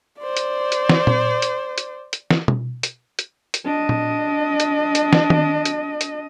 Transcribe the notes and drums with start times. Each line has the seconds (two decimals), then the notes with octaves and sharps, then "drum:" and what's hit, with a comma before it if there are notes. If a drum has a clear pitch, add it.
0.19 C5 D5
0.37 drum: hi-hat
0.72 drum: hi-hat
0.89 drum: snare
1.07 drum: tom A#2
1.42 drum: hi-hat
1.78 drum: hi-hat
2.13 drum: hi-hat
2.31 drum: snare
2.48 drum: tom B2
2.83 drum: hi-hat
3.19 drum: hi-hat
3.54 drum: hi-hat
3.65 D4 D#5
3.89 drum: tom A#2
4.60 drum: hi-hat
4.95 drum: hi-hat
5.13 drum: snare
5.30 drum: tom D#3
5.65 drum: hi-hat
6.01 drum: hi-hat